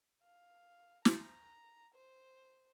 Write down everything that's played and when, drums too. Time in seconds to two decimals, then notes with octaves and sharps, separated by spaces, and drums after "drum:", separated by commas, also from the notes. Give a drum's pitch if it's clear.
0.23 F5
1.05 A#5, drum: snare
1.95 C5